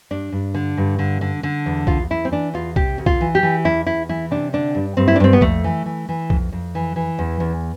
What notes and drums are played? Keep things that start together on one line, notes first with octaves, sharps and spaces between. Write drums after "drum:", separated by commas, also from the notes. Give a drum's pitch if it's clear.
G2 D4
G2
D3
G2
D3
D3
D3
E2
E2 F4, drum: kick B1
E2 E4
C4
E3 D4
E2 F4
C3 G4, drum: kick B1
D2
F4, drum: kick B1
E3
G4
E3
E2 E4
E2 E4
E3 E4
C3 D4
D3 D4
G2
G2 C4
E4
D4
G2 C4
B3
F2 A3, drum: kick B1
E3
E3
E3
F2, drum: kick B1
F2
E3
E3
E2
E2